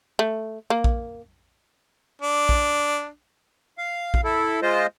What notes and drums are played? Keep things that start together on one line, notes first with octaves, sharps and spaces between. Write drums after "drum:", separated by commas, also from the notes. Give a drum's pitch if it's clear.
A3
A#3
drum: kick A#1
D4
drum: kick A#1
F5
drum: kick A#1
E4 A4
G#3 F4 C5 D#5